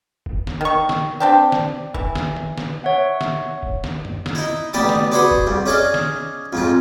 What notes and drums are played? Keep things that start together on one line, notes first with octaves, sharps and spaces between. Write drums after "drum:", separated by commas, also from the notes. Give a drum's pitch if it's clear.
drum: kick
drum: snare
D#3 C#6
drum: snare
C4 D4 G4
drum: snare
E3, drum: kick
drum: snare
drum: tom
drum: snare
C#5 E5 F#5
drum: snare
drum: kick
drum: snare
drum: tom
drum: snare
D#4 E4
A1 B3 G4 D5 A5 D#6
drum: snare
D4 F#4 G#4 B4 C5 F#5
drum: kick
C2 G2
C#4 G#4 D5 D#5 F5
drum: snare
F2 G#2 F4